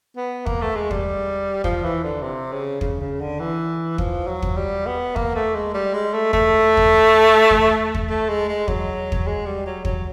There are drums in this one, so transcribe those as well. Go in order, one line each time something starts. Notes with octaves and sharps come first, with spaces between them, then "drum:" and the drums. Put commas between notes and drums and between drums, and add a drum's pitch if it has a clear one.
B3
A#3, drum: kick
A3
G#3
G3, drum: kick
F3, drum: kick
E3
D3
C3
C#3
C#3, drum: kick
C#3
D3
E3
F3, drum: kick
F#3
drum: kick
G3
B3
A#3, drum: kick
A3
G#3
G3
G#3
A3
A3, drum: kick
drum: kick
drum: kick
drum: kick
A3
G#3
G#3
F#3, drum: kick
drum: kick
G#3
G3
F#3
F#3, drum: kick